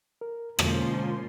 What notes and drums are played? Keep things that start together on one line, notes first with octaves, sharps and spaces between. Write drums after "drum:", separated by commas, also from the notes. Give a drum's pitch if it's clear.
A#4
G#2 B2 D3 F3 G#3 A#3 C#4 C6, drum: rim click